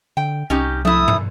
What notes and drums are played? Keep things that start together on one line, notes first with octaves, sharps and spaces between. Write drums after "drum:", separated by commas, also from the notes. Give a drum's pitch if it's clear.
D3 G5
C2 C#4 D#4 G4
A3 E4 D#6, drum: tom
drum: tom